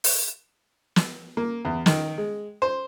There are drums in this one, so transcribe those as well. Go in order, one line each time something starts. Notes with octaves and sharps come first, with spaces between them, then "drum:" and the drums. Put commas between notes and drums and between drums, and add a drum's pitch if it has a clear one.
drum: open hi-hat
drum: snare
A#3
E2
D#3, drum: snare
G#3
C5